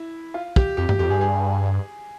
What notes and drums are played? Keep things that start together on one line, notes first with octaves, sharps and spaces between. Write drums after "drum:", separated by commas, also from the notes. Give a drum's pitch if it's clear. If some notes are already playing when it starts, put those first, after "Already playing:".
Already playing: E4
F4
G4, drum: kick
F2 G4
G4, drum: tom G2
F2 G4
G2 G#4
G#4